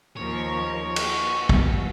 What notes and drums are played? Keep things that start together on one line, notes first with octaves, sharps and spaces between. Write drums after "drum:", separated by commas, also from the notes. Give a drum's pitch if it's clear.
D#2 F3 A#4 C#5
F#4, drum: cymbal
drum: kick